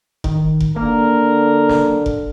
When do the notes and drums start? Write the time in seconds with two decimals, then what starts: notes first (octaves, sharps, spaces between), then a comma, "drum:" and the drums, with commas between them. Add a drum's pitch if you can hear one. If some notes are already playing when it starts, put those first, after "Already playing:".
0.24 D#3, drum: kick F1
0.60 drum: kick F1
0.76 D3 A#3 A#4
1.69 drum: snare
2.06 drum: kick F1